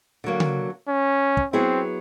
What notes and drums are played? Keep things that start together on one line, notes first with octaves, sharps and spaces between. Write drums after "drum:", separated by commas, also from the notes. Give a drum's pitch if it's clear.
D3 F#3 A#3
drum: tom C#3
C#4
drum: kick
F#3 B3 C4 E4 G#4